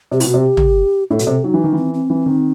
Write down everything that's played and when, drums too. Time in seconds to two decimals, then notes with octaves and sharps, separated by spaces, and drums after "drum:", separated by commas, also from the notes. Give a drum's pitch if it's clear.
0.11 C3 G4
0.20 E4, drum: open hi-hat
0.23 B2
0.29 F#4
0.34 C3
0.37 G4
0.57 drum: tom
1.10 A2 A4
1.19 B2, drum: hi-hat
1.27 C3
1.44 F#3 D#4
1.54 E3
1.64 D#3
1.73 E3 C4
1.94 C4
2.10 E3
2.26 D#3